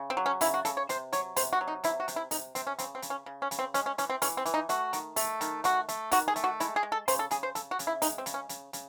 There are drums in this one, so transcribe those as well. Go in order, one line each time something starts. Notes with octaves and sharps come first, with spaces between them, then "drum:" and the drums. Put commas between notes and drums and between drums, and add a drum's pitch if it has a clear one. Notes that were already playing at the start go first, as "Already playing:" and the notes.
Already playing: C#3
C4
F#3
C#4
C#3 E4, drum: open hi-hat
F#4
C#3 A4, drum: hi-hat
C#5
C3 C5, drum: hi-hat
F#3 C#5, drum: hi-hat
C3 C5, drum: open hi-hat
F#4
F#3
D#4
C3 E4, drum: hi-hat
F#4
C3, drum: hi-hat
E4
C3 D#4, drum: open hi-hat
C3 C4, drum: hi-hat
C#4
C#3 C4, drum: hi-hat
C4
C#3, drum: hi-hat
C#4
C#3
C#4
C#3, drum: hi-hat
C4
G#3 C#4, drum: hi-hat
C#4
E3 C#4, drum: hi-hat
C4
E3 C#4, drum: open hi-hat
C4
E3, drum: hi-hat
D#4
A3 F#4, drum: hi-hat
D#3, drum: hi-hat
A3, drum: open hi-hat
D#3, drum: hi-hat
A3 F#4, drum: hi-hat
A3, drum: hi-hat
D#3 F#4, drum: open hi-hat
G#4
A3, drum: hi-hat
F#4
G#3 E4, drum: hi-hat
G#4
G#3
A4
C#3 C5, drum: open hi-hat
A4
C#3 G#4, drum: hi-hat
C5
C#3 A4, drum: hi-hat
F#4
C#3, drum: hi-hat
E4
G#3 D#4, drum: open hi-hat
C4
C#3, drum: hi-hat
C#4
C#3, drum: hi-hat
C#3, drum: hi-hat